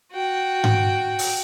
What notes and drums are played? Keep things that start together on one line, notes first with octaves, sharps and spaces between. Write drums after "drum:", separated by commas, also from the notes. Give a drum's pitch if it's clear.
F#4 G5
drum: tom G#2
drum: open hi-hat